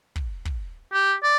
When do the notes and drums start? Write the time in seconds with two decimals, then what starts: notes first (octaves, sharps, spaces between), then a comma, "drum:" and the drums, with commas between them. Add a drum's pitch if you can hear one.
0.16 drum: kick
0.45 drum: kick
0.93 G4
1.23 D5